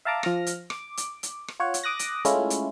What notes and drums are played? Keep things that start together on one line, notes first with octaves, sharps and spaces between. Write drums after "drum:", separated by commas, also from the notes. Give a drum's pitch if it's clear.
E5 F5 A5 A#5 D6
F3 F6 A#6, drum: rim click
drum: hi-hat
D6, drum: rim click
drum: hi-hat
drum: hi-hat
drum: rim click
F4 C#5 F#5
drum: hi-hat
D6 D#6 F#6 A#6
drum: hi-hat
G#3 A3 C#4 E4 F4, drum: hi-hat
drum: hi-hat